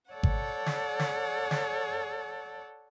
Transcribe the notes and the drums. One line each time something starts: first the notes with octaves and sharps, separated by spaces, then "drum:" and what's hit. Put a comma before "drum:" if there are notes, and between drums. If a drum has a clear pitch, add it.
A4 C#5 D5 F#5
drum: kick G#1
drum: snare
drum: snare
drum: snare